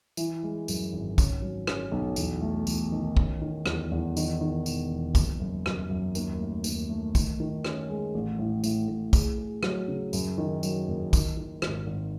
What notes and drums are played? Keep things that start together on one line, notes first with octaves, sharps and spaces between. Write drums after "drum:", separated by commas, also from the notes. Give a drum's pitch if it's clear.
E3, drum: tambourine
G#3
F#2, drum: tambourine
G#1
C#4, drum: kick, tambourine
F#3
C#4, drum: rim click
B1
E2, drum: tambourine
A3
E2, drum: tambourine
D#3
C#4, drum: kick
D#3
E2, drum: rim click
E2
D#3, drum: tambourine
D#3
E1, drum: tambourine
E1
F#1, drum: kick, tambourine
F#2
F#2, drum: rim click
F#2
D#2, drum: tambourine
A3
D#2, drum: tambourine
A3
D#3, drum: kick, tambourine
D#3
C#4, drum: rim click
G#3
A1
A2
A2, drum: tambourine
A2
G#4, drum: kick, tambourine
G#4
F#3, drum: rim click
C#3
F#2, drum: tambourine
D#3
F#3, drum: tambourine
F#1
D#3, drum: kick, tambourine
D#3
G#1, drum: rim click
G#1